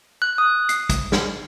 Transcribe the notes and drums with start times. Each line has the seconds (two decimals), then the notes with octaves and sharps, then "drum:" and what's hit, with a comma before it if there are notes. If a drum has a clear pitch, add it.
0.22 F#6
0.38 D#6
0.69 C7, drum: hi-hat
0.89 drum: kick, hi-hat
1.12 drum: snare